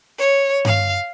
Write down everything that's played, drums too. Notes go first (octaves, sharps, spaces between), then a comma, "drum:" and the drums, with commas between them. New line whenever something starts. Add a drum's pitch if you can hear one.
C#5
F5, drum: tom G2